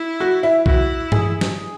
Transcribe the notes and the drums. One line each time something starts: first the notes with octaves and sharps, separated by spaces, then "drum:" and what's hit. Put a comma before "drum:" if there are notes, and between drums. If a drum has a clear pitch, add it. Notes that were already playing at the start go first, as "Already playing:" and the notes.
Already playing: E4
F#4
E4
E4 F#4, drum: kick B1
G#4, drum: tom G2
drum: snare